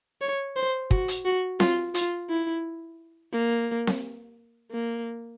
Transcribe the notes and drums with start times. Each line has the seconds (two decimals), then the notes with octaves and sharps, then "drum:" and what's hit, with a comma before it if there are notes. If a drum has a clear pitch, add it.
0.21 C#5
0.56 C5
0.91 F#4, drum: kick
1.08 drum: hi-hat
1.25 F#4
1.60 F4, drum: snare C4
1.94 F4, drum: hi-hat
2.30 E4
3.33 A#3
3.87 drum: snare C4
4.71 A#3